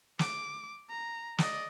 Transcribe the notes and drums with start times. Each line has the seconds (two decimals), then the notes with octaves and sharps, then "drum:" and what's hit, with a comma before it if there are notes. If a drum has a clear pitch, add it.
0.19 D6, drum: snare
0.90 A#5
1.38 D5 D#5, drum: snare